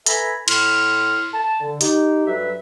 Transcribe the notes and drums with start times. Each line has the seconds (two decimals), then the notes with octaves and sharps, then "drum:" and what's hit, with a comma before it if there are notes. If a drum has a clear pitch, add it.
0.06 A4 B4 E5 G#5 A#5 B5, drum: hi-hat
0.48 A2 E4 C6 F6, drum: cymbal
1.34 A5
1.61 D3
1.81 D#4 G4, drum: hi-hat
2.27 G2 F#3 F#4 A4 B4 E5